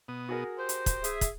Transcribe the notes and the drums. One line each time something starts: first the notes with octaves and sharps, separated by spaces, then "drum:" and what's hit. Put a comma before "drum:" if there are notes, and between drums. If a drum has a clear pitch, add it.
B2 B3 D#6
F#4 G#4 A#4
G4 C5
drum: hi-hat
drum: kick, hi-hat
G#4 E5, drum: hi-hat
drum: kick, hi-hat